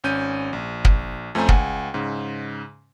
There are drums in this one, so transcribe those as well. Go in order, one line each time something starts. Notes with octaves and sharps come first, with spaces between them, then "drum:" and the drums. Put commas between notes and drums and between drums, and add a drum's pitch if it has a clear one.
G#1 C#4 G6 D#7
A#1
drum: kick
F2 A3 C#4 C5 G#5 A#5
C#2 F#5 G#5, drum: kick
G#2 C#3